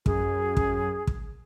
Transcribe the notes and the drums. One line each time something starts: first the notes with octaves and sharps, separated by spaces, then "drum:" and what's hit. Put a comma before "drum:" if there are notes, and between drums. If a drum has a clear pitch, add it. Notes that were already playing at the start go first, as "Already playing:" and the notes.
F#2 G#4, drum: kick
drum: kick
drum: kick